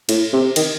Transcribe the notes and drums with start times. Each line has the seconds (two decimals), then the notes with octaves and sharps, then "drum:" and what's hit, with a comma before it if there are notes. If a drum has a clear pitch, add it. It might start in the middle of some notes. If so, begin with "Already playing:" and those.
0.09 A2, drum: cymbal
0.33 C3
0.56 D#3, drum: cymbal